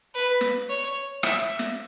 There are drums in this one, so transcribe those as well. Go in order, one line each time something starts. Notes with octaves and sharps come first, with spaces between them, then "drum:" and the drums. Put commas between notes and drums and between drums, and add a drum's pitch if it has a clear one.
B4
drum: snare
C#5
E5, drum: rim click
drum: snare